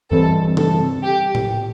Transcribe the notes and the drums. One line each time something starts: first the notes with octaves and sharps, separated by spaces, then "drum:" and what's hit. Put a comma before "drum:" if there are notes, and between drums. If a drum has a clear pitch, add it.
G2 E3 G3 C4 A4
A4, drum: tom C3
G4
drum: tom A2